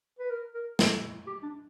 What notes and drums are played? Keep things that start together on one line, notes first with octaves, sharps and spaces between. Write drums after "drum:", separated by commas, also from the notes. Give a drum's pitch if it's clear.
B4
A#4
A#4
A4, drum: snare
G4
D4